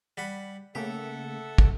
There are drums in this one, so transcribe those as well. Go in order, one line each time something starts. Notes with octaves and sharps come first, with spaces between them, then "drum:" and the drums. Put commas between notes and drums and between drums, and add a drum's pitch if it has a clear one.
G3 F#5 B5
C#3 A3 A#3 G4 A4 E5 F#5
drum: kick